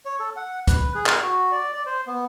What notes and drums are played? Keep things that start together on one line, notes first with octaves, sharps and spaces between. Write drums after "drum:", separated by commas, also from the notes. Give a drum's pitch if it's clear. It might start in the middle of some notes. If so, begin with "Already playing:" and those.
C#5
A4
F#5
B4, drum: kick, hi-hat
G#4
drum: clap
F#4
D5
D5
C5
B3